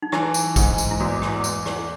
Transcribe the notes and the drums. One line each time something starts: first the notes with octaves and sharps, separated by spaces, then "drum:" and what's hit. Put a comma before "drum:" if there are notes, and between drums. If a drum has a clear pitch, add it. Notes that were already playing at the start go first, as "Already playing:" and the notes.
D#4
E3 E4, drum: rim click
drum: tambourine
G#2, drum: kick, tambourine
drum: tambourine
E4
E2 F#4
drum: rim click
E2, drum: tambourine
drum: rim click